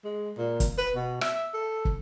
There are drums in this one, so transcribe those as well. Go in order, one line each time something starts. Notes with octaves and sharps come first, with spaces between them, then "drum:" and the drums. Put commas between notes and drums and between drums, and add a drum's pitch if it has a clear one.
G#3
A#2
drum: kick, hi-hat
B4
B2
E5, drum: rim click
A4
drum: kick